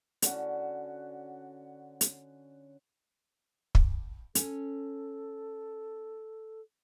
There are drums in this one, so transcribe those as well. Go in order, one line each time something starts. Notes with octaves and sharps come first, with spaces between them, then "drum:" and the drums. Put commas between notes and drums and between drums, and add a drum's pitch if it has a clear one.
D3 C#4 F#4, drum: hi-hat
drum: hi-hat
drum: kick
C#4 A4, drum: hi-hat